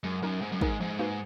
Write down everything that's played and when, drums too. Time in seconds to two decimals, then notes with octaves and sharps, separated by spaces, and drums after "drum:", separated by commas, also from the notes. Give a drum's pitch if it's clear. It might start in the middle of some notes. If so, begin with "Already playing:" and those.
0.04 F#2 G#3
0.22 F#2 D#4 A#4
0.41 G#2 G#3
0.52 F#2
0.61 G#2 D#4 A#4, drum: kick
0.80 G#2 F3
0.99 A#3 D#4 F#4 B4